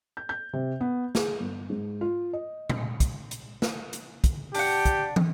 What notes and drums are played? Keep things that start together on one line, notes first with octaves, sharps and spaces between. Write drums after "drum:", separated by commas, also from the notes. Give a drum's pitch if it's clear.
G6
G6
C3
B3
G#4, drum: snare
G1
G#2
F4
D#5
drum: tom A#2
drum: kick, hi-hat
drum: hi-hat
drum: snare
drum: hi-hat
drum: kick, hi-hat
D4 G4 F#5, drum: open hi-hat
drum: kick, hi-hat
drum: tom